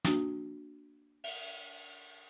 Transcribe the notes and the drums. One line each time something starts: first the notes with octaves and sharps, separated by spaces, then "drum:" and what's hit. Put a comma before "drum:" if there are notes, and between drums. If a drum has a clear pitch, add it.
A#3 D4 F#4, drum: snare
drum: cymbal